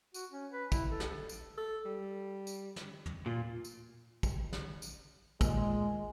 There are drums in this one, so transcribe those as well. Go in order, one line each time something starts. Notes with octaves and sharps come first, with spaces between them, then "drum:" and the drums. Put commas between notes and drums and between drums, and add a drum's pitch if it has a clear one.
F#4, drum: tambourine
C#4
B4
E4, drum: kick, tambourine
A4
drum: snare
drum: tambourine
A4
G3
drum: tambourine
drum: snare
drum: tom
A#2 F4
drum: tambourine
drum: kick, tambourine
drum: snare
drum: tambourine
D#2 A#2 G#3, drum: kick, tambourine